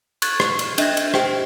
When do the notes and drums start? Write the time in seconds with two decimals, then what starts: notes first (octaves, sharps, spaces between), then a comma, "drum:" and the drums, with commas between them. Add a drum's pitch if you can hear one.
0.22 C#6 F#6 G#6 A6, drum: cymbal
0.40 drum: rim click
0.59 drum: cymbal
0.78 D4 D#5 E5 F#6 G#6 A#6, drum: cymbal
0.97 drum: cymbal
1.14 G4 C5 G5, drum: rim click